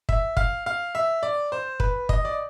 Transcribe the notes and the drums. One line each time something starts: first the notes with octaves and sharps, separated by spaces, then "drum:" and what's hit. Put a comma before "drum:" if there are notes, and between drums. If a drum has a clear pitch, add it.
E5, drum: kick
F5, drum: kick
F5
E5
D5
C5
B4, drum: kick
D#5, drum: kick
D5